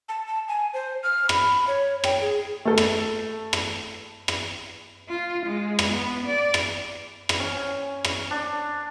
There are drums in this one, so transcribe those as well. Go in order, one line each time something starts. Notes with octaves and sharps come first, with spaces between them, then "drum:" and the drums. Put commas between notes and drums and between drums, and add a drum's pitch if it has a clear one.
A5
A5
G#5
C5
F6
B5, drum: rim click
C#5
G5, drum: rim click
G#4
A3 A4
drum: rim click
drum: rim click
drum: rim click
F4
G#3
drum: rim click
B3
D5
drum: rim click
drum: rim click
C#4
G#5
drum: rim click
D4